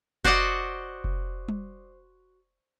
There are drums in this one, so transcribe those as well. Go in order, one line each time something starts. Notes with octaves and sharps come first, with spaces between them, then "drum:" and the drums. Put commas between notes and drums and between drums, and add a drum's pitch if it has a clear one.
F#4 C5 D5 D#5 F#5, drum: kick F1
drum: kick F1
drum: tom G3